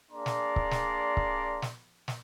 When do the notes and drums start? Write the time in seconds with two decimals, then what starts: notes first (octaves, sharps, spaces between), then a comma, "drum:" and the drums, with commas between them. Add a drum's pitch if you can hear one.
0.11 A#3 D4 G#4 D5 A#5 C6
0.26 drum: snare
0.56 drum: kick C#1
0.71 drum: snare
1.17 drum: kick C#1
1.62 drum: snare
2.08 drum: snare